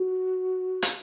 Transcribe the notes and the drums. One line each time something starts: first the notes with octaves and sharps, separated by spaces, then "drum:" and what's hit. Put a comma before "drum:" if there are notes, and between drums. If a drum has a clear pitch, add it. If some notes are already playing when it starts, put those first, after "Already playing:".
Already playing: F#4
drum: hi-hat